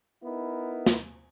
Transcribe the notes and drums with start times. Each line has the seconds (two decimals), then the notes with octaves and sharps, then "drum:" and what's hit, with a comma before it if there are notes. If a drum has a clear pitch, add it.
0.24 B3 D#4 E4 A#4
0.86 drum: snare